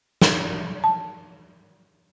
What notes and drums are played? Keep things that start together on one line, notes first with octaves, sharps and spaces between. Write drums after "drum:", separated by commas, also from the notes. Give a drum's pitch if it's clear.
drum: snare
A5